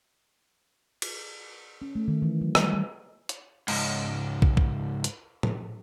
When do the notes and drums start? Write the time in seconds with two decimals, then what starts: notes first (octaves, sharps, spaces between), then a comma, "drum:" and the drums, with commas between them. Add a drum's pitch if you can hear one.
1.02 drum: cymbal
1.82 C#4
1.95 A3
2.08 D#3
2.22 E3
2.41 F#3
2.55 G3, drum: rim click
2.73 G3
3.29 drum: hi-hat
3.68 C#2 G#2, drum: cymbal
4.42 drum: kick
4.57 drum: kick
5.04 drum: hi-hat
5.43 drum: tom